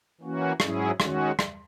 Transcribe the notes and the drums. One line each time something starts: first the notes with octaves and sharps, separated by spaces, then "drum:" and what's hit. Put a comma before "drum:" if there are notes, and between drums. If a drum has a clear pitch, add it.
E3 A#3 C#4 F#4
G#2 F#3 C#4 E4 G#4, drum: rim click
D#3 G#3 C#4 F#4, drum: rim click
drum: rim click